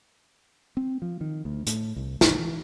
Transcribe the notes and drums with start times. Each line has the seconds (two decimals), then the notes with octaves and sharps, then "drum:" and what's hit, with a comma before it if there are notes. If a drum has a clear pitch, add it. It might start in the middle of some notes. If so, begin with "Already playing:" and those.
0.77 C4
1.02 F3
1.21 D#3
1.45 D2
1.67 A2, drum: hi-hat
1.96 C2
2.21 A#1, drum: snare
2.39 E3